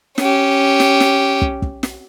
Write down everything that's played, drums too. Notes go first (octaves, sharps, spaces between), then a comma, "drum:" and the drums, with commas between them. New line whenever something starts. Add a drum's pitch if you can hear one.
C#4 G4, drum: snare
drum: snare
drum: snare
drum: kick
drum: kick
drum: snare